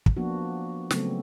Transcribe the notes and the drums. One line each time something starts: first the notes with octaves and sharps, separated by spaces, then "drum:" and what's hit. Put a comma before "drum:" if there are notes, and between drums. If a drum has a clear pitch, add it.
drum: kick
F3 A#3 B3 D4 F#4
C#3 F#3 A3 B3 C4 A4, drum: snare